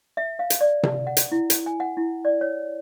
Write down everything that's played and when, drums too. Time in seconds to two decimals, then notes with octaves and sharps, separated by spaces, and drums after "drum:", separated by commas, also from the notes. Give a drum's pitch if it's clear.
0.17 E5
0.39 F5
0.50 drum: hi-hat
0.61 D5
0.83 drum: tom C3
1.07 F#5
1.17 drum: hi-hat
1.32 E4
1.50 drum: hi-hat
1.66 G#5
1.80 F#5
1.97 E4
2.25 D5
2.41 C#5